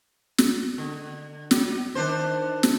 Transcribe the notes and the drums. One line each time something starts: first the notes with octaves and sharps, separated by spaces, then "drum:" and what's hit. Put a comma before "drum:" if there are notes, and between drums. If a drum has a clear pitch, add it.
drum: snare
D3
F#3, drum: snare
D#3 D4 C5
drum: snare